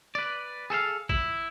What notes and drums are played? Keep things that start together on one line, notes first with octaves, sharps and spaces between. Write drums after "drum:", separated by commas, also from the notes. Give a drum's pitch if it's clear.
B4 D5
G#4 A4 C5 F5
E4, drum: kick